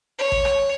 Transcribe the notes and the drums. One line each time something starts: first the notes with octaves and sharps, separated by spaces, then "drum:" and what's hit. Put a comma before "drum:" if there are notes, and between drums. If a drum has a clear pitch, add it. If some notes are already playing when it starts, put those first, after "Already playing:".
C#5
drum: kick A1
drum: rim click